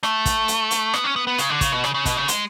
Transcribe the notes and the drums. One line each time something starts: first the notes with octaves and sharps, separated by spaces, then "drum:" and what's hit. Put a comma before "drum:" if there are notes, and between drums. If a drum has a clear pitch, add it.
A3, drum: rim click
drum: kick, hi-hat
drum: hi-hat
drum: hi-hat
B3, drum: rim click
C#4
B3
B3
C#3, drum: hi-hat
D3
C#3, drum: kick, hi-hat
B2
C#3, drum: rim click
C#3
B2, drum: kick, hi-hat
C#3
G#3, drum: hi-hat